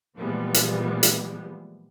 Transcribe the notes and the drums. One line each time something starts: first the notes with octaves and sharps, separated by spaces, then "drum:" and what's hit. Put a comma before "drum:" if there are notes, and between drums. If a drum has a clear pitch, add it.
A#2 E3 F3 G3 G#3 B3
drum: hi-hat
drum: hi-hat